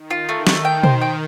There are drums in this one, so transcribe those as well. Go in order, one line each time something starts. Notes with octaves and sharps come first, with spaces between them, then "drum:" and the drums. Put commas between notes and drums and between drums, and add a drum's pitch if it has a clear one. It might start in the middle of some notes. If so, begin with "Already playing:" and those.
Already playing: D#3
F4
A3
A3, drum: snare
G5
C5, drum: tom B2
G5